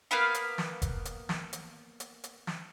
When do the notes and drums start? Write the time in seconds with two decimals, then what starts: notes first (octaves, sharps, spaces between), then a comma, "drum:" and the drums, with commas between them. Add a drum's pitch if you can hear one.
0.11 A#3 B3 F5 B5
0.34 drum: hi-hat
0.58 drum: snare
0.82 drum: kick F1, hi-hat
1.05 drum: hi-hat
1.29 drum: snare
1.53 drum: hi-hat
2.00 drum: hi-hat
2.24 drum: hi-hat
2.47 drum: snare